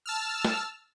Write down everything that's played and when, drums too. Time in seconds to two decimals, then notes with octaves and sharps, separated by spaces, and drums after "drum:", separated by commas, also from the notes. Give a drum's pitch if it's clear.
0.06 A5 E6 F6
0.45 drum: snare